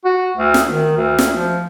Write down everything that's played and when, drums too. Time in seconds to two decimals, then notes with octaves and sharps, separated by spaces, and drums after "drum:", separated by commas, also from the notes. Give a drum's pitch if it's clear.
0.05 F#4
0.37 D2
0.54 drum: snare
0.68 D#3
0.97 D2
1.19 drum: snare
1.34 F3